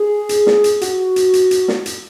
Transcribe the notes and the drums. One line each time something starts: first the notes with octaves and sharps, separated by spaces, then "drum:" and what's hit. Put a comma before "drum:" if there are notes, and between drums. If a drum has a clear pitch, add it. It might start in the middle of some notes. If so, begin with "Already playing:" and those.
Already playing: G#4
drum: hi-hat
drum: snare
drum: hi-hat
F#4, drum: hi-hat
drum: hi-hat
drum: hi-hat
drum: hi-hat
drum: snare
drum: hi-hat